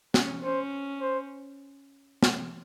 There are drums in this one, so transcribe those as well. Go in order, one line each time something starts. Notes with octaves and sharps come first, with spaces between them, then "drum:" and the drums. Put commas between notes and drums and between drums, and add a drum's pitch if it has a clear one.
C#4, drum: snare
C#4 C5
C5
drum: snare